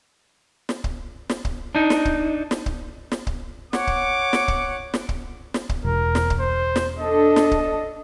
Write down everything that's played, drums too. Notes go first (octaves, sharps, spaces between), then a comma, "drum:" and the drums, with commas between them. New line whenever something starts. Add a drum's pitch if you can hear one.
drum: snare
drum: kick C#1
drum: snare
drum: kick C#1
D4 D#4
drum: snare
drum: kick C#1
drum: snare
drum: kick C#1
drum: snare
drum: kick C#1
C#5 F#5 D6, drum: snare
drum: kick C#1
drum: snare
drum: kick C#1
drum: snare
drum: kick C#1
drum: snare
drum: kick C#1
E1 A#4
drum: snare
drum: kick C#1
C5
drum: snare
D4 A4 D#5
drum: snare
drum: kick C#1